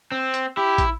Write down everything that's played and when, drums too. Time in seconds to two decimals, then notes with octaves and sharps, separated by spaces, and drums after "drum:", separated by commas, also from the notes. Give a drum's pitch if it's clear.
0.12 C4
0.34 drum: hi-hat
0.57 E4 G4
0.78 drum: kick, hi-hat